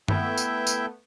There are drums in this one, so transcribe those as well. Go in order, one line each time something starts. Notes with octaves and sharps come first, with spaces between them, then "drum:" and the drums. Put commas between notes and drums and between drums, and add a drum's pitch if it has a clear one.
A3 B3 E4 E5 G5, drum: tom G2
drum: tambourine
drum: tambourine